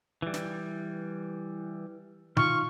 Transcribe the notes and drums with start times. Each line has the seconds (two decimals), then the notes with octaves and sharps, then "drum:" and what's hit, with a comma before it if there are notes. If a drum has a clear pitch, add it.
0.22 E3 G3
0.34 drum: snare
2.37 D#3 F4 C#6 F6, drum: tom B2